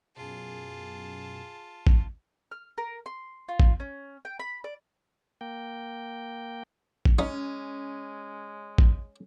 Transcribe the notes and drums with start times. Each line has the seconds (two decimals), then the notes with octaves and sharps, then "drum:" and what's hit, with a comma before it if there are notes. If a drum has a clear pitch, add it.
0.16 F#2 B2 F4 G#4 A5
1.87 drum: kick
2.51 F6
2.78 A#4
3.06 C6
3.49 F4
3.60 drum: kick
3.80 C#4
4.25 G5
4.40 B5
4.64 D5
5.41 A#3 G5
7.05 drum: kick
7.19 G#3 C#4 D#4
8.78 drum: kick